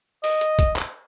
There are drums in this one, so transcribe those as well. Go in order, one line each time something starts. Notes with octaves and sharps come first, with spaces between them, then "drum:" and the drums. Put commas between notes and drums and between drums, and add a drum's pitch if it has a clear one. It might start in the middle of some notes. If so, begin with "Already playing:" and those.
D#5, drum: open hi-hat
drum: hi-hat
drum: kick, hi-hat
drum: clap